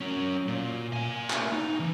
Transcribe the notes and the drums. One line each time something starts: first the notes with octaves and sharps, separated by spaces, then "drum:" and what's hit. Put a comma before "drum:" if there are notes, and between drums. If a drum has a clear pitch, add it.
F#3 C#4
A#2
A#3 G#5
drum: clap
D#4
E3